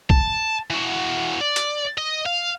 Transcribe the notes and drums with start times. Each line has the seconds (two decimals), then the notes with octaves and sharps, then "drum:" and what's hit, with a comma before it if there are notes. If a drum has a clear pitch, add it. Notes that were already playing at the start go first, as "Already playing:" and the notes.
0.10 A5, drum: kick
0.70 E3 F#4
1.41 D5
1.56 drum: hi-hat
1.98 D#5
2.26 F5